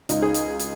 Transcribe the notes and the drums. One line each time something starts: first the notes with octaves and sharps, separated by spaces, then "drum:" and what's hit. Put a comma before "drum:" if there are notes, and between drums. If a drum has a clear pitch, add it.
C#2 D#4, drum: hi-hat
G#4
drum: hi-hat
drum: hi-hat